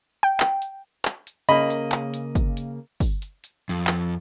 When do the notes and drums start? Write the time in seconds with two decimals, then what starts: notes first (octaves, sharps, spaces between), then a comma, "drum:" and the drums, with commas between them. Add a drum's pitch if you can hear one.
0.23 G5
0.40 drum: clap
0.62 drum: hi-hat
1.05 drum: clap
1.27 drum: hi-hat
1.49 C#3 A#3 D#5 B5, drum: hi-hat
1.70 drum: hi-hat
1.92 drum: clap
2.14 drum: hi-hat
2.35 drum: kick, hi-hat
2.57 drum: hi-hat
3.00 drum: kick, open hi-hat
3.22 drum: hi-hat
3.44 drum: hi-hat
3.69 F2
3.87 drum: clap